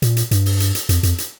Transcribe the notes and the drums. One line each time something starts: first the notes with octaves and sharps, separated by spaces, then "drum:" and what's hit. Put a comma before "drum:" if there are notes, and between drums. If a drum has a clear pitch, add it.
A#2, drum: hi-hat
drum: hi-hat
G2, drum: hi-hat
drum: open hi-hat
drum: hi-hat
drum: hi-hat
F2, drum: hi-hat
F2, drum: hi-hat
drum: hi-hat